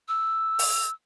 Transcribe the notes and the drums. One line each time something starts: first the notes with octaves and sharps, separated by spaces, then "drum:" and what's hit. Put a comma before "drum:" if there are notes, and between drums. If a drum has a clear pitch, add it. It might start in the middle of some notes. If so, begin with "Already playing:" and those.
E6
drum: open hi-hat